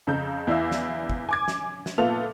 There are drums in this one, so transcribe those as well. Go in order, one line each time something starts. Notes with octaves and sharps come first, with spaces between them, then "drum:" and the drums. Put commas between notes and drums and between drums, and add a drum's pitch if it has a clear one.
F2 C#3 A#5 G6
E2 E4 D5 F5 E6
drum: snare
drum: kick
G#5 D6 G#6
drum: snare
drum: snare
A#2 B3 F4 A4 E5 F7